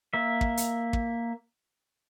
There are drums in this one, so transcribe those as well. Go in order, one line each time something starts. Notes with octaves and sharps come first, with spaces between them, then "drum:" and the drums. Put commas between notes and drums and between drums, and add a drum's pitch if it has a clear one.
A#3 E5
drum: kick
drum: hi-hat
drum: kick